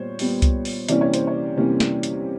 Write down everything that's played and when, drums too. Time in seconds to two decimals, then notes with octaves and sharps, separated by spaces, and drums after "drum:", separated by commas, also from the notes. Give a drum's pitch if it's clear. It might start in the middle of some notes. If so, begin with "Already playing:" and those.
Already playing: A#2 G3 B3 C5 C#5
0.19 A#2 G3 B3, drum: open hi-hat
0.42 drum: kick C2, hi-hat
0.65 drum: open hi-hat
0.89 C3 E3 G3 A#3 C#4 D5, drum: hi-hat
1.01 C#5
1.14 C5, drum: hi-hat
1.27 C#5
1.57 C3 E3 G3 A#3 C#4
1.80 drum: snare
2.03 drum: hi-hat